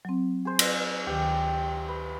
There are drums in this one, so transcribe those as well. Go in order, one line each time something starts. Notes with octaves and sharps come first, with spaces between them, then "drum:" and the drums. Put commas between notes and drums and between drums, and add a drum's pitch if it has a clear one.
F#3 C4
G#4 C5
drum: cymbal
D2 D#3 G4
B4